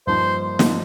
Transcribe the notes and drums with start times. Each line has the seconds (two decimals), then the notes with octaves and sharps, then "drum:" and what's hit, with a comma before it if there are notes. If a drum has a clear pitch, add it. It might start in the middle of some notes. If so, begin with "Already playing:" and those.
0.07 G2 F3 A#3 D#4 C5
0.59 F3 A#3 D#4, drum: snare